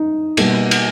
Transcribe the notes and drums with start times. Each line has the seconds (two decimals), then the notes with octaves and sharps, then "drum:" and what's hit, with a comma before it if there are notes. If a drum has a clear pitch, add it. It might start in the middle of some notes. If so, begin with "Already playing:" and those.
Already playing: D#4
0.37 B2 G3 A#3, drum: cymbal
0.71 drum: cymbal